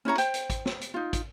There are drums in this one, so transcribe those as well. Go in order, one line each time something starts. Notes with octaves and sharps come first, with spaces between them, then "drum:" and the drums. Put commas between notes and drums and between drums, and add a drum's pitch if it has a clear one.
C#4 E4 C#5 A#5
C5 G5, drum: hi-hat
drum: hi-hat
drum: kick, hi-hat
drum: snare
drum: hi-hat
D#4 F4
drum: kick, hi-hat